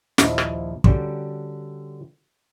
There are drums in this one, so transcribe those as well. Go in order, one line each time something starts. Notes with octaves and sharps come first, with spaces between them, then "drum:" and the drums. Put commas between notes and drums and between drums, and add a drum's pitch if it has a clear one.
A#1 D#2 F3 D4 E4 D#5, drum: snare
drum: rim click
D3 G3 C#4 D4 F#4 G5, drum: kick